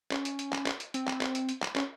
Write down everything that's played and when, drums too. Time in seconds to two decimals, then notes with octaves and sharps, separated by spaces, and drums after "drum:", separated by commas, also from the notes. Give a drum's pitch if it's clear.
0.11 C#4, drum: clap
0.25 drum: hi-hat
0.39 drum: hi-hat
0.53 drum: clap
0.66 drum: clap
0.80 drum: hi-hat
0.94 C4, drum: hi-hat
1.07 drum: clap
1.21 drum: clap
1.35 drum: hi-hat
1.49 drum: hi-hat
1.62 drum: clap
1.76 C#4, drum: clap